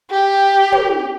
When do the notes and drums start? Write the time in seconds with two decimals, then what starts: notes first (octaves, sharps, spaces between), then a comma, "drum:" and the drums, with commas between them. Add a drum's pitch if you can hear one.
0.11 G4
0.72 drum: tom